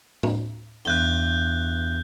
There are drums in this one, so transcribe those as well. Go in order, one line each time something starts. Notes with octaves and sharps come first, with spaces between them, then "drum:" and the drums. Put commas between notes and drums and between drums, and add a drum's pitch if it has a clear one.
drum: tom
E2 G2 F#6 G6 G7